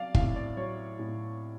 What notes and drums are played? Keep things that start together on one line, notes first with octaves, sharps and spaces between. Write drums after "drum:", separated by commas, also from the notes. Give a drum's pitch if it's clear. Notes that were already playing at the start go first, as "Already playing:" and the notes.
Already playing: F#3 D5 F5
A2 F5, drum: kick
D5
F#3 C#5
A2